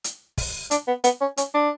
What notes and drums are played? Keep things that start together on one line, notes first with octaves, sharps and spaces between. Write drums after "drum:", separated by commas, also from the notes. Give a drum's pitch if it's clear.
drum: hi-hat
drum: kick, open hi-hat
D4, drum: hi-hat
B3
B3, drum: hi-hat
C#4
C#4, drum: hi-hat
D4